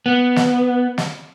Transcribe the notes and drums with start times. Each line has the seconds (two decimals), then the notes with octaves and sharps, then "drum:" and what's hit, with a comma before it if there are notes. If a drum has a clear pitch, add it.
0.06 B3
0.36 drum: snare
0.98 drum: snare